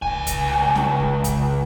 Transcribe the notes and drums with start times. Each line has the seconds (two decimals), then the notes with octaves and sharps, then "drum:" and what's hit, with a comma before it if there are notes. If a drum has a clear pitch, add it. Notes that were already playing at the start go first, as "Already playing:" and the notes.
0.02 C#2 G#5, drum: kick C2
0.27 drum: kick C2, hi-hat
0.75 drum: snare C#4
1.00 drum: kick C2
1.24 drum: kick C2, hi-hat